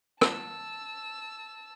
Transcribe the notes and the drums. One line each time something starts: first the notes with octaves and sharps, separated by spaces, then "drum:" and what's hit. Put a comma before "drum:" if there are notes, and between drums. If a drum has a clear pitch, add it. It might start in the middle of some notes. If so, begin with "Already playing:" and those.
A5 E6, drum: rim click